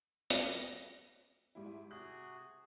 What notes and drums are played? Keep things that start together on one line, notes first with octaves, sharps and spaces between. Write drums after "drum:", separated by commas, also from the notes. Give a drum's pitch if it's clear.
drum: hi-hat
A#6
G#2 G3 E4
C3 F#4 G#4 F#6